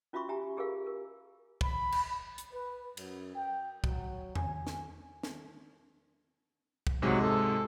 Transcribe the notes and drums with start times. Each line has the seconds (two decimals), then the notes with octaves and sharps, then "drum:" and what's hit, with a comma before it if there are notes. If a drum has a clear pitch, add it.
0.13 C#4 F4 F#4 E5 B5 C#6
0.29 G4 E5 G#5 A#5
0.57 G4 G#4 A#4 F5
0.86 A#4
1.61 B5, drum: kick
1.92 drum: cymbal
2.38 drum: hi-hat
2.52 B4
2.97 F#2, drum: cymbal
3.35 G5
3.84 F#3, drum: kick
4.35 G#5, drum: tom E2
4.67 drum: snare
5.23 drum: snare
6.87 drum: kick
7.02 G#2 C3 F#3 G#3
7.22 A4